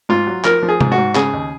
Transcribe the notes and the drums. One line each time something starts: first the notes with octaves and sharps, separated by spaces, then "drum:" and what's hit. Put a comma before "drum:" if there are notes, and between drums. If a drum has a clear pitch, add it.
G#2 F4
F#3
F3 A#4, drum: clap
F3
G#4
G#2, drum: tom
F#4
G#2
C#3 G#4, drum: clap
D#2